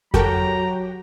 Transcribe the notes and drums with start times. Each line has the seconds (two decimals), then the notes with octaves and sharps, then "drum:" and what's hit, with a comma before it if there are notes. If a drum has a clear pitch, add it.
0.14 F#3 F#4 G4 A4 A#4 G5 A#5, drum: kick F2